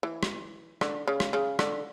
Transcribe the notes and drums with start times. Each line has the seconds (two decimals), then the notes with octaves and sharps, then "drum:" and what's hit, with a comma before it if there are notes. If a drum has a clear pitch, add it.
0.03 E3
0.23 drum: rim click
0.81 D3, drum: rim click
1.08 C#3
1.20 drum: rim click
1.33 C#3
1.59 D3, drum: rim click